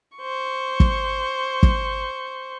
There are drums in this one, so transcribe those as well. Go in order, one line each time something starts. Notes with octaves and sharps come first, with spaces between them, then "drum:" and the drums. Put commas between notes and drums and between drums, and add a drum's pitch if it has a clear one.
C5 C#6
drum: kick
drum: kick